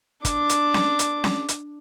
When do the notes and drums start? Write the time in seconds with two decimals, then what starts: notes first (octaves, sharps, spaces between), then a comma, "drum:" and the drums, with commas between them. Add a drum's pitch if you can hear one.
0.25 D4 D6, drum: kick, hi-hat
0.49 drum: hi-hat
0.74 drum: snare C#4
0.99 drum: hi-hat
1.24 drum: snare C#4
1.49 drum: hi-hat